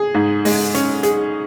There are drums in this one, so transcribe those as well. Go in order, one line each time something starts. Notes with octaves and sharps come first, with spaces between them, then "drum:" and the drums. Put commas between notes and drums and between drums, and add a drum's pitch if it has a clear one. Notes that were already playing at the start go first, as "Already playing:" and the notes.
Already playing: G#4
G#2
G#3, drum: open hi-hat
C#4, drum: hi-hat
G#4, drum: hi-hat